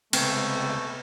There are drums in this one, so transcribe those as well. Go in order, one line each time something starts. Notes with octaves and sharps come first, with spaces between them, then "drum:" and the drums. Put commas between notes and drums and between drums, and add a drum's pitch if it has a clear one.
C#2 C3 A3 B3 C4, drum: cymbal